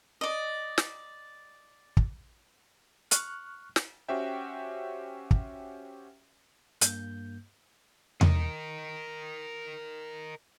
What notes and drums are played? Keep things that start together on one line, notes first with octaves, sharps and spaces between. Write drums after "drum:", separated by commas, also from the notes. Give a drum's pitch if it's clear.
D5 D#5
drum: snare
drum: kick
C#6 F6 F#6, drum: hi-hat
drum: snare
C#4 F#4 G4 C5 E5 G5
drum: kick
G2 A#3 G6, drum: hi-hat
A#4 D#5, drum: tom E2